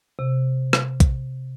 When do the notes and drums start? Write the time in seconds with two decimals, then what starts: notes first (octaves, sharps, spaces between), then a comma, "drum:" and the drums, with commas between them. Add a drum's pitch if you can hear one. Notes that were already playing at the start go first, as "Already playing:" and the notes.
0.19 C3
0.73 drum: rim click
1.00 drum: kick A#1, hi-hat